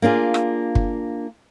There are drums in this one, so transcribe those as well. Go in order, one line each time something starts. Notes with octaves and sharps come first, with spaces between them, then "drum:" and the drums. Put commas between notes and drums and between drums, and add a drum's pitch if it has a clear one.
A#3 D4 F4 G#4
drum: rim click
drum: kick